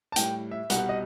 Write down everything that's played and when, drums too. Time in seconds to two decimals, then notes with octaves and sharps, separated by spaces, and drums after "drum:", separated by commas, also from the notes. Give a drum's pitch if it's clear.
0.12 A5
0.16 A2 G3 G5, drum: hi-hat
0.51 E5
0.70 C2 B2 G3 F#5, drum: hi-hat
0.89 D#5